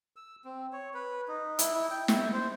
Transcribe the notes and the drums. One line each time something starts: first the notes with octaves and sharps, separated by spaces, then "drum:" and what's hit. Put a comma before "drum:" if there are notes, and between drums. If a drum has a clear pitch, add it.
E6
C4
C#5
B4
D#4
E4, drum: hi-hat
E4
G5
E4, drum: snare
C5